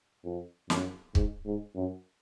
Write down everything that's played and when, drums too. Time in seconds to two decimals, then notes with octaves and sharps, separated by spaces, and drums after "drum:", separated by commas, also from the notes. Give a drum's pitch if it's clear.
0.24 F2
0.70 F#2, drum: snare
1.15 G#2, drum: kick C#1
1.46 G#2
1.76 F#2